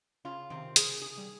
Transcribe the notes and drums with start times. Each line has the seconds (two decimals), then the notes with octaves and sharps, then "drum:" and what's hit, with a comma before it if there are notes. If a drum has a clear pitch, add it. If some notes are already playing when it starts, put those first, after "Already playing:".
0.25 C#3 F4
0.50 C3 D#3 C4
0.76 G#4, drum: hi-hat
1.02 G#4
1.18 G3